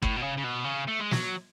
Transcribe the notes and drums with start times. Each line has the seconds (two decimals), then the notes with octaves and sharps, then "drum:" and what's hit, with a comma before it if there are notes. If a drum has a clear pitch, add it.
0.02 A2, drum: kick
0.16 B2
0.23 C#3
0.37 C#3
0.44 B2
0.64 C#3
0.87 A3
1.00 G#3
1.11 F#3, drum: snare